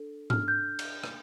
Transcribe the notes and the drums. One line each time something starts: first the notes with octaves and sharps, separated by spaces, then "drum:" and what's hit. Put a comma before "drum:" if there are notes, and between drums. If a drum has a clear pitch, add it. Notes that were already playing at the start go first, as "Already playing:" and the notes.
Already playing: D4 A4
D4 F6, drum: tom G#2
G6
drum: cymbal
drum: rim click